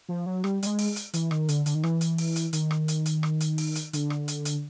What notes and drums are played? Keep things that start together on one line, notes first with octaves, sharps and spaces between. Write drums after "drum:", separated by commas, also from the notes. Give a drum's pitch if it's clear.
F3
F#3
G3, drum: rim click
G3, drum: hi-hat
G#3
drum: open hi-hat
drum: hi-hat
E3, drum: hi-hat
D#3, drum: rim click
D3, drum: hi-hat
D3, drum: hi-hat
D#3
E3, drum: rim click
drum: hi-hat
drum: open hi-hat
drum: hi-hat
D#3, drum: hi-hat
drum: rim click
drum: hi-hat
drum: hi-hat
drum: rim click
drum: hi-hat
drum: open hi-hat
drum: hi-hat
D3, drum: hi-hat
drum: rim click
drum: hi-hat
drum: hi-hat